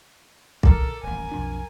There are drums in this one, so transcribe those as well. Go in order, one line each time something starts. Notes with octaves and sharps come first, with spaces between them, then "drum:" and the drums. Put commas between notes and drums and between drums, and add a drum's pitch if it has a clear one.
A#2 D3 D#3 A4 A#4 D5, drum: kick
D#1 A1 G#5
B1 F2 D4